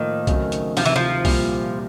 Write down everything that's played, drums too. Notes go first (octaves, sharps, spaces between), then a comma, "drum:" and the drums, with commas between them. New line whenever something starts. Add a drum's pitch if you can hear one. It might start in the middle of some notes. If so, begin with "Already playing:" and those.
Already playing: A2 D#3 F3 A#3
C#3 F#3 A3 C4, drum: kick B1, hi-hat
drum: hi-hat
D2 C3 D#3 F3, drum: open hi-hat
E3
F3
C2 A#2 G3 A#3, drum: kick B1, open hi-hat